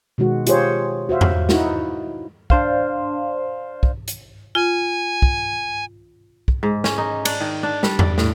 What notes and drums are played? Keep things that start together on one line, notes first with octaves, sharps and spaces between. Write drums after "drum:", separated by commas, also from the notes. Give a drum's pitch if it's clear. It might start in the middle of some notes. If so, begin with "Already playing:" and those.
B2 D#3 G#3 F#4
F4 G4 G#4 C5 C#5, drum: hi-hat
F#4 C5 E5 F5
drum: tom E2
D#4 E4 F#4, drum: snare
D4 C5 F5, drum: kick
drum: kick
drum: hi-hat
F4 G#5
drum: kick
drum: kick
G#2
C#4, drum: snare
D#4
D4, drum: cymbal
D#3
D4
G3, drum: snare
D5, drum: tom E2
A2, drum: snare